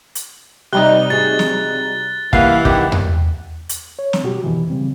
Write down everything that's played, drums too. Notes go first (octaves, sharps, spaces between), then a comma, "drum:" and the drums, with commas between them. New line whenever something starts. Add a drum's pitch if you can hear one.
drum: hi-hat
C3 G3 D#4 F#6 G7
F#4 G#4 A6
drum: snare
E3 G3 A#3 E4 F5 F#5, drum: kick
D3 D#3 E4 G4, drum: kick
drum: tom E2
drum: hi-hat
C#5
drum: snare
B2 F#4 G4
F2 B2 D#3 E3
C#3 G3 C4